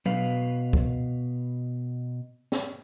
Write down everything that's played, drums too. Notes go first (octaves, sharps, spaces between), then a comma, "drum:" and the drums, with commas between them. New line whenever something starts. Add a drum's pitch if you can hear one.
B2 B4 F5, drum: tom F#3
drum: kick C#2
drum: snare